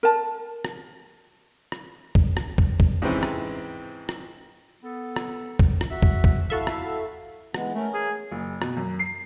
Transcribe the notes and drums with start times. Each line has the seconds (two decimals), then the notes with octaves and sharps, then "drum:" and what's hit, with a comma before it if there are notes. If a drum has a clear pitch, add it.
0.03 A#4 A5
0.65 drum: rim click
1.72 drum: rim click
2.15 drum: kick
2.37 drum: rim click
2.58 drum: kick
2.80 drum: kick
3.02 G#2 C3 E3 C4 C#4
3.23 drum: rim click
4.09 drum: rim click
4.83 B3 A4
5.16 drum: rim click
5.59 drum: kick
5.81 drum: rim click
5.90 F#4 E5
6.03 drum: kick
6.24 drum: kick
6.50 E4 F#4 A4 E5 F5
6.67 drum: rim click
7.54 E3 G#3 B3, drum: rim click
7.75 A3 C#4 A#4
7.94 G#4
8.32 F#1
8.62 B2, drum: rim click
8.77 F#2
8.99 C7